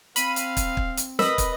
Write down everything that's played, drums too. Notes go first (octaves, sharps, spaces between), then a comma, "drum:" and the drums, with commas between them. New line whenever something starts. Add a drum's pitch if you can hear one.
C4 F5 B5 D#7, drum: hi-hat
drum: hi-hat
drum: kick, hi-hat
drum: kick
drum: hi-hat
A#4 B4 D#5 B5, drum: snare
drum: kick, hi-hat